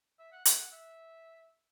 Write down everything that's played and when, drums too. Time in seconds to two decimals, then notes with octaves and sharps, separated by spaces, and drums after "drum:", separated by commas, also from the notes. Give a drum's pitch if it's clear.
0.19 E5
0.33 F#5
0.45 E5, drum: hi-hat
0.59 F#5
0.72 E5